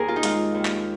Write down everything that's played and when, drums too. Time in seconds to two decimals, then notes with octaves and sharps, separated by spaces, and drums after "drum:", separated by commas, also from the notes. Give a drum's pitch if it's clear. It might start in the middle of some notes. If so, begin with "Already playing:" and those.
Already playing: D#2 G#4 A#4
0.08 F4
0.16 D#4
0.23 G#3 F4, drum: hi-hat
0.54 D#2
0.65 drum: clap